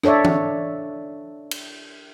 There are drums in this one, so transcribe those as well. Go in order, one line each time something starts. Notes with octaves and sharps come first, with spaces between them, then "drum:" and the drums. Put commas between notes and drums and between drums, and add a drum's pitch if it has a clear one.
D4 A4 C#5 D5 E5, drum: rim click
drum: tom
drum: cymbal